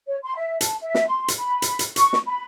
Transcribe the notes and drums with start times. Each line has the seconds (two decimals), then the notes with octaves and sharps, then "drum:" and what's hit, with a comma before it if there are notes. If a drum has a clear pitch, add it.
0.07 C#5
0.23 C6
0.35 E5
0.61 A5, drum: hi-hat
0.81 E5
0.95 drum: snare
1.06 C6
1.28 drum: hi-hat
1.38 B5
1.62 drum: hi-hat
1.79 drum: hi-hat
1.96 C#6, drum: hi-hat
2.13 drum: snare
2.26 B5